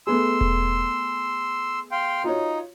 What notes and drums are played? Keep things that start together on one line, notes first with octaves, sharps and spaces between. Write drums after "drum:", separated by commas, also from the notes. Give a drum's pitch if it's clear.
A3 B3 G#4 C6 E6
drum: kick E1
F5 G5 C6
D#4 F4 F#4 C#5